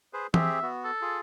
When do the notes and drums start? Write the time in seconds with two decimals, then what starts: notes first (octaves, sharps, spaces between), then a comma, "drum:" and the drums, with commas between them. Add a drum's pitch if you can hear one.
0.13 G#4 B4 C5
0.34 C4 G4 G#4 E5, drum: tom E3
0.62 B3 F#4
0.85 A4
1.02 F4 G#4